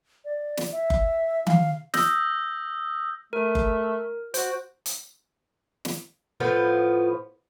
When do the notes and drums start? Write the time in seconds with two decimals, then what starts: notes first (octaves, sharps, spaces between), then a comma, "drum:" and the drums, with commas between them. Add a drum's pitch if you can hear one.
0.25 D5
0.57 drum: snare
0.72 E5
0.90 drum: kick F#1
1.47 F5, drum: tom D#3
1.94 D#6 E6 G6 A#6, drum: snare
3.33 A3 A#4
3.55 drum: kick F#1
4.34 F#4 C5, drum: hi-hat
4.86 drum: hi-hat
5.85 drum: snare
6.40 A2 F3 B3 F4